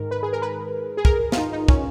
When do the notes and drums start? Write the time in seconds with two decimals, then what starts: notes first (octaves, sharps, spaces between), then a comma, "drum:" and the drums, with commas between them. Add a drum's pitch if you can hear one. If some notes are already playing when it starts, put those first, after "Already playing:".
Already playing: G#2 D#3 A#4
0.11 B4
0.23 G#4
0.33 A#4
0.42 B4
0.97 G#4
1.05 A#4, drum: kick
1.32 F4, drum: snare
1.37 D#4
1.53 D#4
1.68 C#4, drum: kick